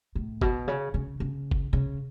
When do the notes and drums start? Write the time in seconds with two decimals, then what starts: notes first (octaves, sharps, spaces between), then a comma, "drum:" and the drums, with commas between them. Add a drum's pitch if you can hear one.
0.15 A2
0.41 B2, drum: kick
0.68 C#3
0.94 C#3
1.20 C#3
1.51 drum: kick
1.73 C#3